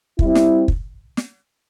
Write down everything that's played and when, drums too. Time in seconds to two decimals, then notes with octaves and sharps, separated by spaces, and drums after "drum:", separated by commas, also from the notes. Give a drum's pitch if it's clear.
0.19 G3 C4 E4, drum: kick
0.35 drum: snare
0.68 drum: kick
1.17 drum: snare